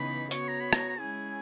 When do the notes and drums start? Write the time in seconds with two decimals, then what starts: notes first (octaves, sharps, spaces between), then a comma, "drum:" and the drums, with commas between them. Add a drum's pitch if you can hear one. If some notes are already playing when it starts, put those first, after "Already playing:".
Already playing: C#3 E3 B3 D#4 B5
0.31 B3 F#4 C#5 C#6, drum: hi-hat
0.48 A#5
0.60 B5
0.73 A#5, drum: rim click
0.89 A#5
1.00 G#3 C#4 E4 G#4 G#5